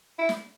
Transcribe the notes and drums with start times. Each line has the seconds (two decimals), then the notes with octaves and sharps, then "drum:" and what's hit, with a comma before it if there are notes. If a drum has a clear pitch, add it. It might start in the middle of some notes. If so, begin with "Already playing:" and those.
0.19 E4
0.29 drum: snare